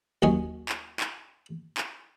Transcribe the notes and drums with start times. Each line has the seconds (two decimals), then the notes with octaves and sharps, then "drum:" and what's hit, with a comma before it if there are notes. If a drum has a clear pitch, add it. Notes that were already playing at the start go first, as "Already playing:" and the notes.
0.22 D#2 F#3 C#4 D#5 G#5
0.69 drum: clap
1.00 drum: clap
1.78 drum: clap